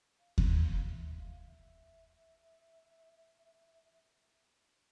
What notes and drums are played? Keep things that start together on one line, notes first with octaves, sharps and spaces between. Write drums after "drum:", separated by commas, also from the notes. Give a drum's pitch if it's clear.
F5
drum: kick D#2
F5
E5
F5
E5